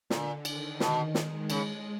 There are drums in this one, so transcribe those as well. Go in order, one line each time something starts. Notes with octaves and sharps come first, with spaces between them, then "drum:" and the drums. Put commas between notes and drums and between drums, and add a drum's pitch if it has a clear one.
A#2 D3, drum: snare
D#3, drum: cymbal
B2, drum: snare
G#3, drum: snare
C#3 G#3, drum: cymbal